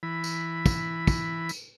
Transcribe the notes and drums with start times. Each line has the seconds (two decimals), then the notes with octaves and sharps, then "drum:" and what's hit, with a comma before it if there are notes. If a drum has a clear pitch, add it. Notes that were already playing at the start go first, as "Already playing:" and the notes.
0.03 E3 B5
0.24 drum: tambourine
0.66 drum: kick, tambourine
1.07 drum: kick, tambourine
1.49 drum: tambourine